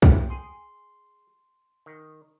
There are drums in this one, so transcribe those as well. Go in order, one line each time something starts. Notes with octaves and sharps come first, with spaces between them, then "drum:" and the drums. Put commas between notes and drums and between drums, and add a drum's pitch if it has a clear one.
A1 D2 F3 G5, drum: kick
G#4 C6
D#3